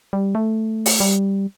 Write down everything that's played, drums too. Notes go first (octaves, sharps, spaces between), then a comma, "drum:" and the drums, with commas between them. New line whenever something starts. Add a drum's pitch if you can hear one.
G3
A3
drum: open hi-hat
G3